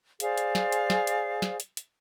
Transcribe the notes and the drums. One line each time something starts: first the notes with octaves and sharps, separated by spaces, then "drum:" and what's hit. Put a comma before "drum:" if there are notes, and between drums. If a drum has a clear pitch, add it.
G#4 C5 D5 F5, drum: hi-hat
drum: hi-hat
drum: snare
drum: hi-hat
drum: snare
drum: hi-hat
drum: snare
drum: hi-hat
drum: hi-hat